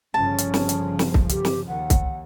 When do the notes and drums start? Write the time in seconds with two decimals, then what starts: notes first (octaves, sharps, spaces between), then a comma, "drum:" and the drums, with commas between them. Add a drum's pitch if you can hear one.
0.14 G1 C#3 F3 C#4 A5
0.38 drum: hi-hat
0.54 drum: snare
0.69 drum: hi-hat
0.99 drum: snare
1.14 drum: kick C2
1.29 G4, drum: hi-hat
1.45 drum: snare
1.68 D#2 F#5
1.90 drum: kick C2, hi-hat